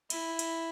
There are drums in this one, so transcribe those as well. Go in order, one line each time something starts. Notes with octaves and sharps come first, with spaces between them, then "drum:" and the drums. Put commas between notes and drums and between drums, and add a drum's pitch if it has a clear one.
E4, drum: cymbal
drum: cymbal